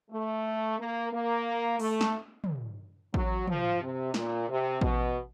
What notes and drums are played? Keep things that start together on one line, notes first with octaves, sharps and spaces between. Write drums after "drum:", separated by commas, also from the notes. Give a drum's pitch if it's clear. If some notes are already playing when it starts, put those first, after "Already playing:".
A3
A#3
A#3
A3, drum: open hi-hat
drum: snare
drum: tom
F#3, drum: kick A1
F3, drum: tom
C3
A#2, drum: snare
C3
B2, drum: kick A1